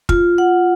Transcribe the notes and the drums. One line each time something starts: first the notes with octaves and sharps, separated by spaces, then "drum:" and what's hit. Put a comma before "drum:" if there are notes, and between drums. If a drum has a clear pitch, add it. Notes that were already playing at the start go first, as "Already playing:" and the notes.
F4, drum: kick
F#5